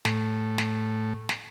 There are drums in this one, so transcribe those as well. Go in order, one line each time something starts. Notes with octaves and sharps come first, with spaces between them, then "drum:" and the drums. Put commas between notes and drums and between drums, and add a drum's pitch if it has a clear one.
A2, drum: snare
drum: snare
drum: snare